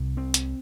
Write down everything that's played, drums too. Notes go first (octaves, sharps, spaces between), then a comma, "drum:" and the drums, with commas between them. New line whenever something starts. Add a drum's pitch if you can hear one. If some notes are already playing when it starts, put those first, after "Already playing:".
Already playing: C2 C3
C4
drum: hi-hat